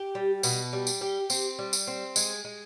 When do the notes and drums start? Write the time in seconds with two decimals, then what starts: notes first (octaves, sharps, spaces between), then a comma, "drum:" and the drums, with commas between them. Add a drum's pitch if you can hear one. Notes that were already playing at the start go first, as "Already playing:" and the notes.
Already playing: G4
0.15 G3
0.43 B2, drum: tambourine
0.73 G3
0.87 drum: tambourine
1.01 G4
1.30 C4, drum: tambourine
1.59 G3
1.73 drum: tambourine
1.87 C4
2.16 G#3, drum: tambourine
2.44 G#3